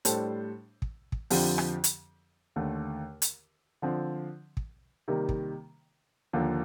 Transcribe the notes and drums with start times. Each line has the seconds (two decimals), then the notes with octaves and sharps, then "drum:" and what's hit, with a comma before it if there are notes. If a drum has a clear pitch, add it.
0.05 A2 G3 D4 A4 C5, drum: hi-hat
0.82 drum: kick
1.12 drum: kick
1.30 F2 D3 F3 C4 G4, drum: open hi-hat
1.58 drum: rim click
1.84 drum: hi-hat
2.56 D#2 D3 A3
3.22 drum: hi-hat
3.82 D3 F3 C4
4.57 drum: kick
5.08 C3 D#3 G3 A#3
5.29 drum: kick
6.33 D#2 D3 F3 A#3